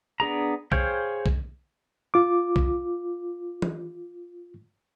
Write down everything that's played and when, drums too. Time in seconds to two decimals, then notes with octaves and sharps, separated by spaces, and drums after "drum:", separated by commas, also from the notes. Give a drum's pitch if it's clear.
0.20 B3 D4 G#4 A#5
0.72 G#4 C5 C#5 F5 G5, drum: kick B1
1.26 drum: kick B1
2.14 F4 D6
2.56 drum: kick B1
3.62 drum: tom E3